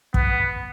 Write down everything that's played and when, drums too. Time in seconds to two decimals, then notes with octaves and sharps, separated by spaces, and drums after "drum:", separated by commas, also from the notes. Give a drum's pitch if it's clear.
0.14 B3, drum: kick